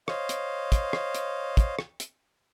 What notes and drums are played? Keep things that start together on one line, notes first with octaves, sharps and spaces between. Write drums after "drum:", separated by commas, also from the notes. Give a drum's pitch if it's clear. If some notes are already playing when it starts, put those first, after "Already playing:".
C5 C#5 D#5 F5, drum: rim click
drum: hi-hat
drum: kick, hi-hat
drum: rim click
drum: hi-hat
drum: kick, hi-hat
drum: rim click
drum: hi-hat